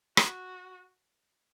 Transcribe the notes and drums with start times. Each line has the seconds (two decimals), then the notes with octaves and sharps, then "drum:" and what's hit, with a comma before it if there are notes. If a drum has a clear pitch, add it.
0.17 F#4, drum: rim click